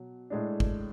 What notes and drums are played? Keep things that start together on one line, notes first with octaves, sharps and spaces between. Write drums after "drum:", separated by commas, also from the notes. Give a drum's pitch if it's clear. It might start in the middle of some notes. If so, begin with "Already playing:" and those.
Already playing: B2 F#3
A2 G#3 D4
drum: kick G1